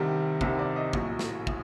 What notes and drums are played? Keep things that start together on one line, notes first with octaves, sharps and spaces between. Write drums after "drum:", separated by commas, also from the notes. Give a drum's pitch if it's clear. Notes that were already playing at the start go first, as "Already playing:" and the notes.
Already playing: C2 C3 D#3 G3
C2 C3 D#3 G3 E5, drum: kick
D5
D#5
A#1 A2 F#3, drum: kick
drum: snare
A2, drum: kick